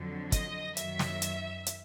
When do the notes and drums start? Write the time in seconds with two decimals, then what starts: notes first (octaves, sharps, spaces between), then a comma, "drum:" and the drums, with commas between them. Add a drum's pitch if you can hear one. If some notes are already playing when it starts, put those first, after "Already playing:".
Already playing: F2 D3 F#3
0.32 D#5, drum: kick, hi-hat
0.77 F#2 D#3 F#3 E5, drum: hi-hat
0.99 drum: snare
1.22 drum: hi-hat
1.66 drum: hi-hat